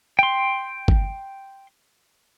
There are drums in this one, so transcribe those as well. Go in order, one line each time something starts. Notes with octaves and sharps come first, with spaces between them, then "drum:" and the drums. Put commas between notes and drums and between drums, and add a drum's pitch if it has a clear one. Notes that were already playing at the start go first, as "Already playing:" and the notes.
G5 C6
drum: kick